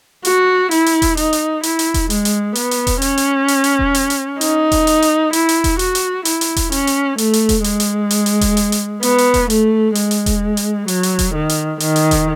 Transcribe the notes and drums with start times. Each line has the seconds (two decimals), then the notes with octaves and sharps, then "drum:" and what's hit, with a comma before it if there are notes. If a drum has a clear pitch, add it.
0.25 F#4, drum: hi-hat
0.71 E4, drum: hi-hat
0.86 drum: hi-hat
1.02 drum: kick E1, hi-hat
1.17 D#4, drum: hi-hat
1.33 drum: hi-hat
1.63 E4, drum: hi-hat
1.79 drum: hi-hat
1.94 drum: kick E1, hi-hat
2.10 G#3, drum: hi-hat
2.25 drum: hi-hat
2.55 B3, drum: hi-hat
2.71 drum: hi-hat
2.87 drum: kick E1, hi-hat
3.02 C#4, drum: hi-hat
3.17 drum: hi-hat
3.48 drum: hi-hat
3.64 drum: hi-hat
3.79 drum: kick E1
3.95 drum: hi-hat
4.10 drum: hi-hat
4.41 D#4, drum: hi-hat
4.72 drum: kick E1, hi-hat
4.87 drum: hi-hat
5.02 drum: hi-hat
5.33 E4, drum: hi-hat
5.49 drum: hi-hat
5.64 drum: kick E1, hi-hat
5.79 F#4, drum: hi-hat
5.95 drum: hi-hat
6.25 E4, drum: hi-hat
6.41 drum: hi-hat
6.56 drum: kick E1, hi-hat
6.72 C#4, drum: hi-hat
6.87 drum: hi-hat
7.18 A3, drum: hi-hat
7.33 drum: hi-hat
7.49 drum: kick E1, hi-hat
7.64 G#3, drum: hi-hat
7.80 drum: hi-hat
8.11 drum: hi-hat
8.26 drum: hi-hat
8.41 drum: kick E1, hi-hat
8.57 drum: hi-hat
8.72 drum: hi-hat
9.03 B3, drum: hi-hat
9.18 drum: hi-hat
9.34 drum: kick E1, hi-hat
9.50 A3, drum: hi-hat
9.95 G#3, drum: hi-hat
10.11 drum: hi-hat
10.26 drum: kick E1, hi-hat
10.57 drum: hi-hat
10.88 F#3, drum: hi-hat
11.03 drum: hi-hat
11.19 drum: kick E1, hi-hat
11.34 D#3
11.49 drum: hi-hat
11.80 D#3, drum: hi-hat
11.96 drum: hi-hat
12.11 drum: kick E1, hi-hat